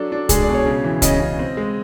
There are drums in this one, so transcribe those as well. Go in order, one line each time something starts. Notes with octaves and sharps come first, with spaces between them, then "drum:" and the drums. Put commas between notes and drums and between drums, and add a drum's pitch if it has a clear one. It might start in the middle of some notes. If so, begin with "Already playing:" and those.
Already playing: F#3 D4 A4
D4
G#3 G#4, drum: kick C2, hi-hat
D5
B2
C#5
C#3
E3
C#3 D#5, drum: kick C2, hi-hat
C#3
C4
G#3